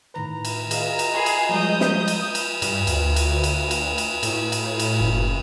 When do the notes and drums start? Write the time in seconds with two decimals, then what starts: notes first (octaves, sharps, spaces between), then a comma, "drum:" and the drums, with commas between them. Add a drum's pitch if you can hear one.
0.14 A2 D#3 B4 A#5
0.45 drum: cymbal
0.71 G#4 D#5 F5, drum: cymbal
0.99 drum: cymbal
1.14 G#4 G#5 B5 C6
1.26 drum: cymbal
1.49 F3 G3 G#3 D#6 G6
1.80 drum: snare
2.08 drum: cymbal
2.35 drum: cymbal
2.62 G2, drum: cymbal
2.87 D2, drum: cymbal
3.16 drum: cymbal
3.44 drum: cymbal
3.71 drum: cymbal
3.98 drum: cymbal
4.23 A2, drum: cymbal
4.52 drum: cymbal
4.79 drum: cymbal
5.01 F#1